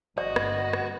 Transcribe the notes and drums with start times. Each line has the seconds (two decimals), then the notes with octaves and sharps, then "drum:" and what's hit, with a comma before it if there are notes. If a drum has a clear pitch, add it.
0.18 G1 F#4 D5 D#5
0.36 drum: rim click
0.73 drum: rim click